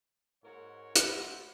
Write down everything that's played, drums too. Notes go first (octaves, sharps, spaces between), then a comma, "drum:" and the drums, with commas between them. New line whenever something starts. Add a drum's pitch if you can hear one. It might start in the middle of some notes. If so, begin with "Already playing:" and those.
G#2 F#4 A#4 C#5
A3 E4 F#4 C5, drum: hi-hat